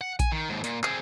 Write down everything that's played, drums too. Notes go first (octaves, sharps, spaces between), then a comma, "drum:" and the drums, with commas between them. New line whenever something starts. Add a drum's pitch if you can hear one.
F#5
G#5, drum: kick A#1, hi-hat
D#3
D#2 G#2
A#2, drum: hi-hat
C4 G#4, drum: clap